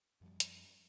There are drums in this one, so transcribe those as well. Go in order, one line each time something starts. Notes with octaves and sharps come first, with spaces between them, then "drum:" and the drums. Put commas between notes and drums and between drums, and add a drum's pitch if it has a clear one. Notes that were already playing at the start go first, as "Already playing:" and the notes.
F#2 F3 G3
drum: hi-hat